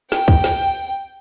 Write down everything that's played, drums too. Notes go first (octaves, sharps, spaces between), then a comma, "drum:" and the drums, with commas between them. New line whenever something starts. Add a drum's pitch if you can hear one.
G5, drum: snare
drum: kick
drum: snare